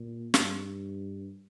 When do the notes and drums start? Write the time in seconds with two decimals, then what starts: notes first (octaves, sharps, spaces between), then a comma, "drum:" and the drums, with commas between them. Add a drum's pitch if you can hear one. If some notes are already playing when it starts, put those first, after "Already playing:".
Already playing: A#2
0.34 G2, drum: snare